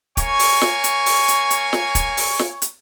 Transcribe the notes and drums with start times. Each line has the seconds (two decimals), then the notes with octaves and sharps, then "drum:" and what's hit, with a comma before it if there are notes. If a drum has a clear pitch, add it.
0.17 A#3 C#5 G#5 C#6, drum: kick, hi-hat
0.39 drum: open hi-hat
0.61 drum: snare
0.84 drum: hi-hat
1.06 drum: open hi-hat
1.28 drum: hi-hat
1.50 drum: hi-hat
1.73 drum: snare
1.95 drum: kick, hi-hat
2.17 drum: open hi-hat
2.39 drum: snare
2.62 drum: hi-hat